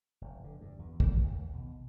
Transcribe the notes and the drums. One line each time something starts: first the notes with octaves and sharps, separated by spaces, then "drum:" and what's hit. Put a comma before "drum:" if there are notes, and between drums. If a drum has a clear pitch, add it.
F1
D3
G2
E2
A3, drum: kick A1
D#2
B2